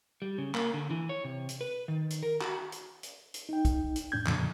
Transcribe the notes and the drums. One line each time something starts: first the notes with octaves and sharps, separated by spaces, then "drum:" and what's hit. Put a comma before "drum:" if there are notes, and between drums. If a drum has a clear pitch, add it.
G3
C#3
A#3, drum: clap
D3
E3
C#5
C3
drum: hi-hat
B4
D#3
drum: hi-hat
A#4
F#4, drum: clap
drum: hi-hat
drum: hi-hat
drum: hi-hat
D#4 G5
drum: kick, hi-hat
drum: hi-hat
F2 A2 D4 G6 G#6
F2 A#2 C#3 F3, drum: clap